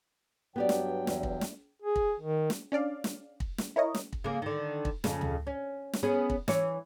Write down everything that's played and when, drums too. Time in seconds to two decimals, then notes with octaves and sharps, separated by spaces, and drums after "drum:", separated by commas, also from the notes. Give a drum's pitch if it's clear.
0.56 G2 F#3 B3 G4 D5 G5
0.69 drum: snare
1.07 E2, drum: snare
1.23 drum: kick
1.41 drum: snare
1.82 G#4
1.96 drum: kick
2.20 D#3
2.50 drum: snare
2.72 C#4 D4 D5 F5
3.04 drum: snare
3.40 drum: kick
3.58 drum: snare
3.76 E4 A#4 C#5 D#5
3.94 drum: snare
4.13 drum: kick
4.24 C#3 A#3
4.42 D3 D#3
4.85 drum: kick
5.04 F2 C#3, drum: snare
5.21 drum: tom D2
5.47 C#4
5.93 drum: snare
6.03 B3 C#4 G#4
6.30 drum: kick
6.48 E3 C#5, drum: snare